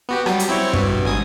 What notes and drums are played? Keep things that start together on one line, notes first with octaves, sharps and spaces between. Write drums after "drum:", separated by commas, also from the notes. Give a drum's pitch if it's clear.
B3 F#4 G4
F#3 G3, drum: rim click
drum: hi-hat
C4 E4 C#5
G2 B2, drum: kick
G#1 G#5 D#6